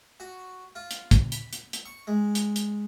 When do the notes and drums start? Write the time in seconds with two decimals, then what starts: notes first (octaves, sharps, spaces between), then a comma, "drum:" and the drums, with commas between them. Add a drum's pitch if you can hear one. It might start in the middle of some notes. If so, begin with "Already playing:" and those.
0.20 F#4
0.75 F4
0.91 drum: hi-hat
1.11 drum: kick, hi-hat
1.32 B5, drum: hi-hat
1.53 drum: hi-hat
1.73 drum: hi-hat
1.85 C#6
2.07 G#3
2.35 drum: hi-hat
2.56 drum: hi-hat